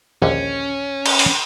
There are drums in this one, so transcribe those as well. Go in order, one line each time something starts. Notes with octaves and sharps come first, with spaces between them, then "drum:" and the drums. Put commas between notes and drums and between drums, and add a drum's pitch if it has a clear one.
A#1 D#2 D3 C#4
drum: cymbal
drum: open hi-hat